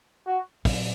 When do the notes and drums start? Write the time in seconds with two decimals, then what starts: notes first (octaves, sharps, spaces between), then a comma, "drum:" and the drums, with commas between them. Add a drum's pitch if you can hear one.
0.27 F#4
0.65 A#2 F#3 C4, drum: kick, open hi-hat